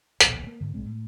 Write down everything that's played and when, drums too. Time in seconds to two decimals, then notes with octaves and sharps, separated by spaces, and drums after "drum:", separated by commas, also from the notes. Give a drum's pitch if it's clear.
0.21 D1 A#1 B2, drum: hi-hat
0.47 A#3
0.61 G#2 D3
0.74 B1 A2 G#3 C4
0.86 A2